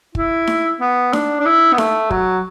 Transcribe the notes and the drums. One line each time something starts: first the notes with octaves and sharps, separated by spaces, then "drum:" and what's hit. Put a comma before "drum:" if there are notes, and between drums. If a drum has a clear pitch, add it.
E4, drum: kick
drum: snare D#4
B3
D4, drum: snare D#4
D4
E4
B3
A3, drum: snare D#4
F#3, drum: kick